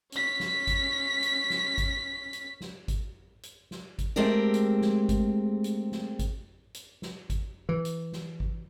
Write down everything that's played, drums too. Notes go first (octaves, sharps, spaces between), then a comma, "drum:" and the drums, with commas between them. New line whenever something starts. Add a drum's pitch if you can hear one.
C#4 B6, drum: hi-hat
drum: snare
drum: kick G#1, hi-hat
drum: hi-hat
drum: snare
drum: kick G#1, hi-hat
drum: hi-hat
drum: snare
drum: kick G#1, hi-hat
drum: hi-hat
drum: snare
drum: kick G#1, hi-hat
G#3 A3 C4 G4 G#4 A#4
drum: hi-hat
drum: snare
drum: kick G#1, hi-hat
drum: hi-hat
drum: snare
drum: kick G#1, hi-hat
drum: hi-hat
drum: snare
drum: kick G#1, hi-hat
E3
drum: hi-hat
drum: snare
drum: kick G#1